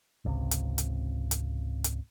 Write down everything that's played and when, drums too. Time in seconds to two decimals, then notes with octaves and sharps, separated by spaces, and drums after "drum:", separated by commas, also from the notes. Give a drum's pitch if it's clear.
0.25 G#1 C#2 C3
0.51 drum: hi-hat
0.78 drum: hi-hat
1.31 drum: hi-hat
1.84 drum: hi-hat